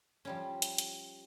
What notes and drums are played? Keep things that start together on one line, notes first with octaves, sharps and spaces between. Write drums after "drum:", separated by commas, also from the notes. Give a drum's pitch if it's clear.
F3 G3 C#4
drum: hi-hat
drum: hi-hat